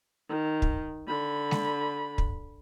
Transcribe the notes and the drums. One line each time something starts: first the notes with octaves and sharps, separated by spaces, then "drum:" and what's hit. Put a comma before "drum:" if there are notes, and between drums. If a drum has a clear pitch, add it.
D#3
drum: kick
D3 B5
drum: snare
drum: kick